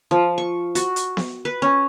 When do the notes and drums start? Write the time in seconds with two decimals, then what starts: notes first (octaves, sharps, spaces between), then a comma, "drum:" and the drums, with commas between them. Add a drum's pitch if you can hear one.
0.11 F3
0.38 C#6
0.75 F#4, drum: hi-hat
0.96 drum: hi-hat
1.17 drum: snare B3
1.45 B4
1.62 C#4